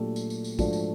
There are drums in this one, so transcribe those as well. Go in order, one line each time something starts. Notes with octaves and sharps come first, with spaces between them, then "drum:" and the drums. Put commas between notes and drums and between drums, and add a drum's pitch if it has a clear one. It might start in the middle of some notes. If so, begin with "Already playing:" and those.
Already playing: A#2 F#3 A3 D4 G4
drum: tambourine
drum: tambourine
drum: tambourine
G#2 F3 A3 D4 F#4, drum: kick, tambourine
drum: tambourine